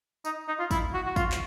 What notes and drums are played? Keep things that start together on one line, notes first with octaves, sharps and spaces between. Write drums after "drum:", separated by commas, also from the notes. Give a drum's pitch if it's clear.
D#4, drum: tambourine
D#4
F4
E4, drum: kick, tambourine
F#4
F#4
F4, drum: kick, tambourine
drum: clap